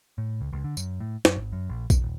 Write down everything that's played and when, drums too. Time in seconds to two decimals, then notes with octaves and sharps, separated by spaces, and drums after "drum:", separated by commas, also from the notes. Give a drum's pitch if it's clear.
0.18 A2
0.41 C#2
0.53 C#2
0.64 D3
0.77 F#2, drum: tambourine
1.00 A2
1.25 F#2, drum: snare
1.37 G#1
1.52 F#2
1.69 A#1
1.90 E1, drum: kick A#1, tambourine
2.02 D#1